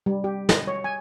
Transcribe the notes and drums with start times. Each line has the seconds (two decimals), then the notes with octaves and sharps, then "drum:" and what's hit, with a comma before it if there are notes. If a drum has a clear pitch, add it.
0.06 G3
0.24 G4
0.49 D#5, drum: snare
0.68 C#5
0.84 G#5